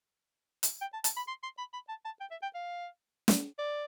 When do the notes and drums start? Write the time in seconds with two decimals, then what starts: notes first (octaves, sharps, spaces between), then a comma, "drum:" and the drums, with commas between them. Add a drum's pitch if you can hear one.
0.63 drum: hi-hat
0.81 G5
0.94 A5
1.04 A5, drum: hi-hat
1.17 B5
1.28 C6
1.43 C6
1.58 B5
1.74 B5
1.89 A5
2.05 A5
2.21 G5
2.31 E5
2.43 G5
2.55 F5
3.28 drum: snare
3.59 D5